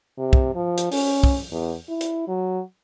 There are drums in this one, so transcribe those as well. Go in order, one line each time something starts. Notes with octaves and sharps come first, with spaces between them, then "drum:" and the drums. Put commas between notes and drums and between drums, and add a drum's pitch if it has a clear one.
C3
drum: kick
F3
drum: hi-hat
C#4, drum: open hi-hat
drum: kick
E2
E4
drum: hi-hat
F#3